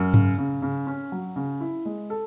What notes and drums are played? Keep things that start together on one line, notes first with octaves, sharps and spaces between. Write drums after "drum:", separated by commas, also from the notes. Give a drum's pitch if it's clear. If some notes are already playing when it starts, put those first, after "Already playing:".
Already playing: F#2
C#3, drum: tom G2
C#3
C#3
C#4
F#3
C#3
E4
G#3
A4